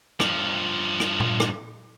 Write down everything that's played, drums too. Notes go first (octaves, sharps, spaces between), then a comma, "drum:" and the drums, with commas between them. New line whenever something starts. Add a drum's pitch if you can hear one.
G2 F3, drum: rim click
drum: rim click
drum: tom A#2
drum: rim click